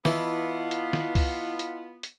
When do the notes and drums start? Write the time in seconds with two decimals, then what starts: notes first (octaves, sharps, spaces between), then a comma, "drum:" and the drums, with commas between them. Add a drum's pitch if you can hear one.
0.05 E3 B3 E4 F4 D#5 A5, drum: snare
0.71 drum: hi-hat
0.93 drum: snare
1.15 drum: kick C2, open hi-hat
1.59 drum: hi-hat
2.03 drum: hi-hat